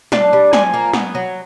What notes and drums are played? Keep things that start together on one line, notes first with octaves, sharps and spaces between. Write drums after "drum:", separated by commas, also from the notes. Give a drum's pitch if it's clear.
D4 A5, drum: snare
G3
F3 G#5, drum: snare
A#3
B3, drum: snare
F#3